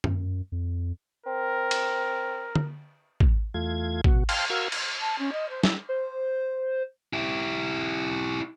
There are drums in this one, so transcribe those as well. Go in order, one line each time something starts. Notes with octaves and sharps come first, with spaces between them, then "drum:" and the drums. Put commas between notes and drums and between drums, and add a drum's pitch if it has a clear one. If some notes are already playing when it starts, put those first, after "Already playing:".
F#2, drum: tom
F2
C4 A#4
drum: cymbal
drum: tom
drum: kick
E2 A3 F4 G#6
B2 F#4, drum: kick
F5 G5 A5 C6 F6, drum: cymbal
F#4 A#4 F5 E6 F6 G#6
drum: cymbal
A5
C#4
D#5
C5
E4, drum: snare
C5
E4 G4